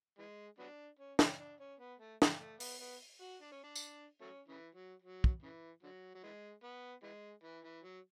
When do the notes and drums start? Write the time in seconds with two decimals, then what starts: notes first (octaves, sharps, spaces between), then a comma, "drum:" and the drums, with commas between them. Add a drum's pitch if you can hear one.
0.19 E3 G#3
0.59 F#3 B3 D4
0.99 C#4
1.19 C#4, drum: snare
1.40 D4
1.60 C#4
1.80 B3
2.00 A3
2.22 drum: snare
2.40 A3
2.60 B3, drum: open hi-hat
2.81 B3
3.21 F#4
3.42 D4
3.52 C#4
3.64 D4
3.76 drum: tambourine
4.21 F#3 A3 C#4
4.48 C#3 E3
4.75 F#3
5.02 F#3
5.24 drum: kick
5.43 C#3 E3
5.83 D3 F#3
6.15 F#3
6.24 E3 G#3
6.64 B3
7.03 E3 G#3
7.44 E3
7.64 E3
7.84 F#3